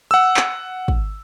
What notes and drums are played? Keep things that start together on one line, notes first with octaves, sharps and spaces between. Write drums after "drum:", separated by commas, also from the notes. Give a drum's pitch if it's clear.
F#5 E6
drum: clap
drum: kick